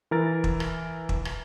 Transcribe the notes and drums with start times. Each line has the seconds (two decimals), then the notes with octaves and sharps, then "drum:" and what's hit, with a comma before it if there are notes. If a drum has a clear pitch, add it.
0.11 E3 A#4 A6
0.44 drum: kick
0.60 drum: rim click
1.09 drum: kick
1.25 drum: rim click